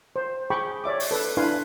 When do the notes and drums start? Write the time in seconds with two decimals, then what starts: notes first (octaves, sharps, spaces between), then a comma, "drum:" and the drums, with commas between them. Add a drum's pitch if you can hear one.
0.16 C5
0.50 G#4 G5 B5 C#6 D6
0.84 C#5 D5 E5 D6
1.00 drum: open hi-hat
1.11 A4 B4
1.37 D4 E4 B4 F5 G#5 C6